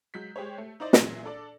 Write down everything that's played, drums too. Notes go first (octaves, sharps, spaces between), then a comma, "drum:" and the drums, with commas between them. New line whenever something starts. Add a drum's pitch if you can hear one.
F#3 G#3 G6 B6
G#3 G4 G#4 C5 C#5
A3
D#4 E4 C5 D5 D#5
A#2 E3 F#3 G#4 E5 A#6, drum: snare
D4 A4 D5